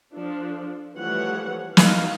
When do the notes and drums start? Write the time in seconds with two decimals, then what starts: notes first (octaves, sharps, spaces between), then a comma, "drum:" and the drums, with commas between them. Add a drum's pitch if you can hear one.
0.14 F3 D4 A4
0.96 E3 F3 G3 A3 C#5 F#5
1.77 D#4 E4 F#4 F5, drum: snare